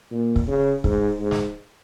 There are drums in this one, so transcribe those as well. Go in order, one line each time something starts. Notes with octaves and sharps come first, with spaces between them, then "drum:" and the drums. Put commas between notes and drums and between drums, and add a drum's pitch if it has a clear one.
A#2
drum: kick
C#3
G#2, drum: kick
G#2
drum: snare